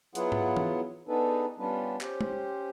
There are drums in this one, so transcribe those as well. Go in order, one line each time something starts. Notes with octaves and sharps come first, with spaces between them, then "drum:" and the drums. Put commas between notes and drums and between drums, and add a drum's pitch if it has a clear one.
F#3 B3 E4 F4 G#4 F#5, drum: hi-hat
drum: tom G#2
drum: tom E3
B3 D4 D#4 G#4 A4 B4
G3 B3 C#4 D4 F4 B4
C#4 G4 C5, drum: clap
drum: tom G#3